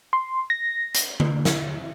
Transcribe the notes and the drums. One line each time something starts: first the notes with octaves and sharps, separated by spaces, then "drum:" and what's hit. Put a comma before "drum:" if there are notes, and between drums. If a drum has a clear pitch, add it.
C6
A#6
drum: hi-hat
D3, drum: tom D3
drum: snare